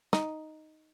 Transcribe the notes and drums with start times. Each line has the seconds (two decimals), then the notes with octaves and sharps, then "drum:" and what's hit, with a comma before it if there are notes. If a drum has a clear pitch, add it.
0.13 D#4, drum: snare